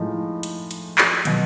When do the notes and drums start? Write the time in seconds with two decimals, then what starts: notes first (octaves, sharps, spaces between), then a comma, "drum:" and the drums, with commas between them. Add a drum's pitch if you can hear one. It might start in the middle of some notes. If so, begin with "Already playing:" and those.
Already playing: A2 F3 G#3 D#4
0.43 drum: hi-hat
0.71 drum: hi-hat
0.98 drum: clap
1.25 B2 F#3, drum: hi-hat